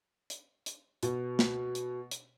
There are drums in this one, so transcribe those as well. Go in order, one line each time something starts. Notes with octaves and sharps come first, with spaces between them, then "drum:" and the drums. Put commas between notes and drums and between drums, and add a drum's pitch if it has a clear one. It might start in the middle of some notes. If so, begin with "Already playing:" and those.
drum: hi-hat
drum: hi-hat
B2, drum: hi-hat
drum: snare
drum: hi-hat
drum: hi-hat